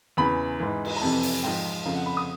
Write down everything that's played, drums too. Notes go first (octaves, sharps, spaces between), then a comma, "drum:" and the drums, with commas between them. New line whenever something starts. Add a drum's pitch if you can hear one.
E2 C#3 E3 B5
G#2 E3
drum: cymbal
A#5
F2 C3 E3 A5
drum: open hi-hat
G#2 F3 G5
F2 C#3 F3 F5
F#5
B5
D#6